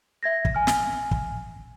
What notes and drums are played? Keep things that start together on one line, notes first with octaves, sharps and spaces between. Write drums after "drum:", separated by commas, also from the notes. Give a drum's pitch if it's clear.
E5 G#6 A#6
drum: kick
G#5 F6
drum: snare
drum: kick